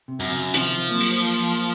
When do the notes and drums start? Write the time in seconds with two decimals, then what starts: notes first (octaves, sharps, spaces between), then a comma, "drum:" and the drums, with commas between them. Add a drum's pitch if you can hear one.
0.08 C3
0.20 F#2
0.31 C#3
0.54 C3 D#3 F3, drum: hi-hat
0.89 F#3 A#3
1.00 drum: open hi-hat